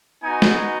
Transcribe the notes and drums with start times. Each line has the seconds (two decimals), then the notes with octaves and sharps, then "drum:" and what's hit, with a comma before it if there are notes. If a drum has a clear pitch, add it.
0.22 B3 D#4 F#4 G#5
0.42 drum: snare